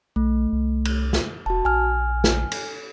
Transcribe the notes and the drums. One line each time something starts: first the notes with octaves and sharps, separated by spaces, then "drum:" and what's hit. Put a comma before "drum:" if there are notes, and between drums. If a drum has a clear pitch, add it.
B1 A3
C2
drum: cymbal
drum: snare
E1 F#4 A5
A#1 G#5 F6
drum: snare
drum: cymbal